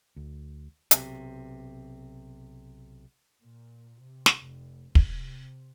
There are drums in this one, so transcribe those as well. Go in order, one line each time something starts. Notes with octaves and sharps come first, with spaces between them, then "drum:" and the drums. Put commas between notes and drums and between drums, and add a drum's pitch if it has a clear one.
D2
B1 C3, drum: hi-hat
A#2
C3
drum: snare
F1
C3, drum: kick